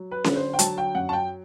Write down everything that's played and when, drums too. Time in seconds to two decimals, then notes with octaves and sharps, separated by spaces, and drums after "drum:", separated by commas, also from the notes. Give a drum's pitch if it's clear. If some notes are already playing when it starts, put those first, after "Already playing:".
Already playing: F#3
0.11 B4
0.24 D3, drum: snare C#4
0.36 C5
0.53 G5
0.59 F#3 A5, drum: hi-hat
0.78 G5
0.95 F#2 F#5
1.09 A5
1.13 G5